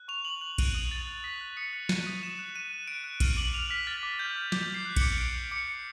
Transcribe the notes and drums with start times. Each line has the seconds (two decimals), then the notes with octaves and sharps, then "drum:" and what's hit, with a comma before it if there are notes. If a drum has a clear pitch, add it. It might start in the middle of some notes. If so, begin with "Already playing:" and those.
Already playing: F#6
0.08 C#6 F7
0.25 C#6 F#7
0.41 F#6 F#7
0.58 F#6 D#7, drum: kick A#1, cymbal
0.75 D#6
0.91 D#6 A6
1.07 F#6
1.23 D#6 B6
1.41 F#6
1.57 D#6 C#7
1.73 F#6
1.89 F#6 D#7, drum: snare
2.07 D#6
2.22 D#6 E7
2.39 F#6
2.55 F#6 D#7
2.71 F#6
2.88 F#6 D7
3.04 F#6
3.20 F6 D#7, drum: kick A#1, cymbal
3.37 D6 F#7
3.54 F6 F7
3.70 F6 B6
3.87 F6 A6
4.03 D6
4.19 F6 G6
4.36 F6
4.52 D6 G6, drum: snare
4.69 D6
4.74 C7
4.85 F#6
4.96 D6 C#7, drum: kick A#1, cymbal
5.18 F#6 D7
5.34 F#6
5.51 D6 C#7
5.67 F#6